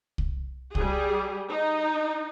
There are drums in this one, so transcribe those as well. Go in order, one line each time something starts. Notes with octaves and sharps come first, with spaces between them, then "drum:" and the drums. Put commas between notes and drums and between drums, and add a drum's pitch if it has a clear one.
drum: kick C2
G3 G#4, drum: kick C2
D#4